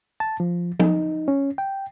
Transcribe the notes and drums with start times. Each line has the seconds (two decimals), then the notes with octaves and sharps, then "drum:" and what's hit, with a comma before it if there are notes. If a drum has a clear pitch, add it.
0.20 A5
0.40 F3
0.80 D#4, drum: tom F3
1.28 C#4
1.58 G5